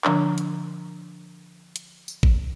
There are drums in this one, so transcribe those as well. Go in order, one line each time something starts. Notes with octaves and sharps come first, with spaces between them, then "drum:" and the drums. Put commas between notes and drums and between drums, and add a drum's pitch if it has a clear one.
D3 F3 D4, drum: clap
drum: hi-hat
drum: hi-hat
drum: tambourine
drum: kick